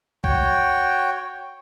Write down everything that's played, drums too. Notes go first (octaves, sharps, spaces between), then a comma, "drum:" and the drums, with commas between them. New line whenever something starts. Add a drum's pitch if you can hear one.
F#4 C#5 G5, drum: kick